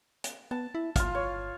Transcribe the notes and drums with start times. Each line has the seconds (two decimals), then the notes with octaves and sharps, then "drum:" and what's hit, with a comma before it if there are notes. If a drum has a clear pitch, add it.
0.24 drum: hi-hat
0.51 B3 A5
0.75 E4
0.96 G1 F4 F5, drum: kick, hi-hat
1.15 C#5